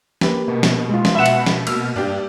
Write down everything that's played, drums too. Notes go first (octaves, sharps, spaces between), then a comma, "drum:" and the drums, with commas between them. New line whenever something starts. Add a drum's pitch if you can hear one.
A#3 G4 B4, drum: snare
B2 A#3
drum: snare
G#3 F4
drum: snare
E5 F#5 B5 E7
drum: cymbal
drum: snare
A#3 E6 F6, drum: cymbal
G2 D4 G4